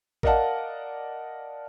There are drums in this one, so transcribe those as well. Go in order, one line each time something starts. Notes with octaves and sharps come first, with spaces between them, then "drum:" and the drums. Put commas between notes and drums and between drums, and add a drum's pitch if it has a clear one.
A#4 D5 D#5 F5 F#5 A5, drum: kick A1